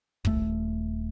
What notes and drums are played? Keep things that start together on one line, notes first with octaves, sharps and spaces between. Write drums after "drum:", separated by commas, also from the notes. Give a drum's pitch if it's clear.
D#1 A3, drum: kick